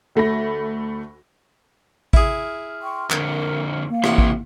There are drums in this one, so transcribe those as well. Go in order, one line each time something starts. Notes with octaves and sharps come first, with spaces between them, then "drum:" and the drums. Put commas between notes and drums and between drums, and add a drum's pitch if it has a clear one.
D2 A3 B5 A#6
E4 G#4 F6, drum: kick A1
G5 C6 C#6
F2 D3 A#4, drum: clap
A#3 F5
A1 C3 E3 F#5, drum: rim click
drum: kick A1